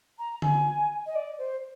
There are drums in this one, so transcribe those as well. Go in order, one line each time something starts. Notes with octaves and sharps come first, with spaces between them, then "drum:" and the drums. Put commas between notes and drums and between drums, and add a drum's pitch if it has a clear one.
A#5
G#5, drum: tom D3
D#5
D5
C5